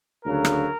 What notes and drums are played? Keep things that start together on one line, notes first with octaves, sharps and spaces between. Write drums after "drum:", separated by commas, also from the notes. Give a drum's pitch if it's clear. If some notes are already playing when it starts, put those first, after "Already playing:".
D2 C#3 F#3 A#4
drum: rim click